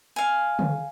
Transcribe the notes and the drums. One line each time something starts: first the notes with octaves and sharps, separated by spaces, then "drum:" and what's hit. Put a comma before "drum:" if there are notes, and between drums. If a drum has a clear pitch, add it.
F5 G#5
drum: tom C#3